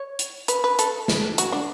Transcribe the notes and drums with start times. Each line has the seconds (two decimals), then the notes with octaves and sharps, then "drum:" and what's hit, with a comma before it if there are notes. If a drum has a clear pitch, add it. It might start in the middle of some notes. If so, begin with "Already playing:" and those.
Already playing: C#5
0.19 drum: hi-hat
0.48 B4, drum: hi-hat
0.64 B4
0.79 A4, drum: hi-hat
1.08 drum: snare
1.38 F#4, drum: hi-hat
1.52 D4